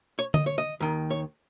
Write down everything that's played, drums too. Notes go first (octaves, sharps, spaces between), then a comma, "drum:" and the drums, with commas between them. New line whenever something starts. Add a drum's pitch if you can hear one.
C#5
D#5, drum: tom D3
C#5
D#5
D#2 D#3
C#5